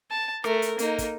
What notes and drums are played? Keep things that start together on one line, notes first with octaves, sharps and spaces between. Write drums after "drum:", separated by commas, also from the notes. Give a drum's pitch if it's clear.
A5
A3 A#4, drum: rim click
drum: hi-hat
A#3 D#4, drum: hi-hat
drum: kick, hi-hat